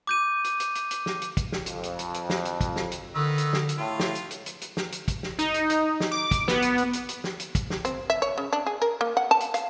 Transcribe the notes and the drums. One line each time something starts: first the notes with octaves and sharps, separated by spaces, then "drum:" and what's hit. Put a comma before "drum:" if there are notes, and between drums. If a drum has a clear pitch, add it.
D6 G6 D#7
drum: hi-hat
drum: hi-hat
drum: hi-hat
drum: hi-hat
drum: snare
drum: hi-hat
drum: kick, hi-hat
drum: snare
F2, drum: hi-hat
drum: hi-hat
drum: hi-hat
drum: hi-hat
drum: snare
drum: hi-hat
drum: kick, hi-hat
drum: snare
drum: hi-hat
D3 D#3 B4 E6
drum: hi-hat
drum: snare
drum: hi-hat
A2 F4
drum: snare
drum: hi-hat
drum: hi-hat
drum: hi-hat
drum: hi-hat
drum: snare
drum: hi-hat
drum: kick, hi-hat
drum: snare
D#4, drum: hi-hat
drum: hi-hat
drum: hi-hat
drum: snare
D6
drum: kick, hi-hat
B3, drum: snare
drum: hi-hat
drum: hi-hat
drum: hi-hat
drum: hi-hat
drum: snare
drum: hi-hat
drum: kick, hi-hat
drum: snare
C4, drum: hi-hat
E5
C#5
C#3
D4
G#4
A#4
A#3
F#5
A5
drum: hi-hat
F5, drum: hi-hat